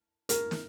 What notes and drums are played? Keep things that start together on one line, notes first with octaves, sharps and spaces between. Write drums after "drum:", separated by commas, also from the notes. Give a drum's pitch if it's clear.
A#4, drum: hi-hat
drum: snare